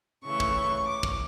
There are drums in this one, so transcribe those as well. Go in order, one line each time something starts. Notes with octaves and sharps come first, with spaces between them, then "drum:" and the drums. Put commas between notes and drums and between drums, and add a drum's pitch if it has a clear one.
C#3 E3 A3 C#6
drum: kick
D6
drum: kick